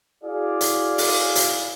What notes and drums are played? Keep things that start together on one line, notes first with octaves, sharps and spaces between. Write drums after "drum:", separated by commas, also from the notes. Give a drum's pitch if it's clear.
E4 F#4 G#4 D5 F5
drum: hi-hat
drum: open hi-hat
drum: hi-hat